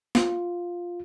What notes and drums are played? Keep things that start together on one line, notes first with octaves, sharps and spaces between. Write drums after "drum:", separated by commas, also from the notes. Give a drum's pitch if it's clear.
F4, drum: snare